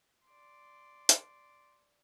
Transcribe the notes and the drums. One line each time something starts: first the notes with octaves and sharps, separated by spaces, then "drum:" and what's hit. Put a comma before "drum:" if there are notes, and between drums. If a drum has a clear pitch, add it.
D5 C6
drum: hi-hat